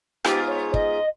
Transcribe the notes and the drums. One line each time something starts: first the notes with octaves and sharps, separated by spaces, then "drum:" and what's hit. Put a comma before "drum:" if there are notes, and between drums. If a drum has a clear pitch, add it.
G#2 B3 F4 G4, drum: rim click
C#5
D#5, drum: kick